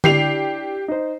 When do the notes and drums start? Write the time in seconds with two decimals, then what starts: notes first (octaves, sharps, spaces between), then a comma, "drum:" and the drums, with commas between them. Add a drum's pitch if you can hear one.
0.04 D4 E4 G4 C7 F7, drum: tom D3
0.88 D#4 C5